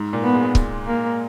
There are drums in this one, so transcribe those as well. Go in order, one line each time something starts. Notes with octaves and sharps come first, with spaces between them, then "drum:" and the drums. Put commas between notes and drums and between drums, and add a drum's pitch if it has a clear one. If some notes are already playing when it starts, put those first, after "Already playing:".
Already playing: G#2
A#2
B3
G#3
drum: kick C#1
A#3